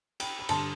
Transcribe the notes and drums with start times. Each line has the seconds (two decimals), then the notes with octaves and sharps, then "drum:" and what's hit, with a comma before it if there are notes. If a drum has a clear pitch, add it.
0.20 G5 B5, drum: cymbal
0.39 B5
0.49 G2 D3 G3 A5 C6, drum: cymbal